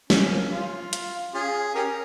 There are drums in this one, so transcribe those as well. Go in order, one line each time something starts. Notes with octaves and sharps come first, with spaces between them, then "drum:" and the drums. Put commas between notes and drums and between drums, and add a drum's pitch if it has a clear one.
C#4, drum: snare
F3 A#3 C#4
F4
drum: hi-hat
C#4 F4 G#4
C#4 G4 A#4